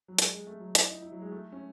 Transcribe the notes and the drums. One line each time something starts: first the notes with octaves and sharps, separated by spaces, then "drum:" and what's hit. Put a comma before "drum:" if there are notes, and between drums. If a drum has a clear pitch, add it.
F#3
G#3, drum: hi-hat
G#3
A3
F#3
E4, drum: hi-hat
D#4
E4
F#3
G#3
A3
C#4